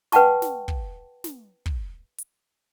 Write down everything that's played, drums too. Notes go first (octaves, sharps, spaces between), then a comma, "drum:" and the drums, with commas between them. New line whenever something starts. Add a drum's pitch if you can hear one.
B4 F#5 G5 A5 C#6, drum: snare
drum: snare
drum: kick
drum: snare
drum: kick
drum: hi-hat